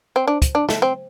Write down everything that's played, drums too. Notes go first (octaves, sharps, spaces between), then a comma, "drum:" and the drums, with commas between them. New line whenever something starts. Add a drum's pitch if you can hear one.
C4
D4
drum: kick, hi-hat
D4
A3, drum: snare
C4